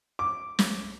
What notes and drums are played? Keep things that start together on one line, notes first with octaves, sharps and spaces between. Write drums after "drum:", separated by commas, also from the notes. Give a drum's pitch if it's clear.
D6
drum: snare